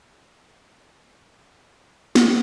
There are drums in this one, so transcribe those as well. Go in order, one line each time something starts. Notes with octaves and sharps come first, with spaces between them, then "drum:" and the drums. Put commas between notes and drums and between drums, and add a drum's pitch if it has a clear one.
F#3 F#4 C#6 A6
D3 G#3 C4 F4 A4 G#6
A#2 C#3 G3 G#3 A#3
G#4 A4 C5 C#5
D4
drum: snare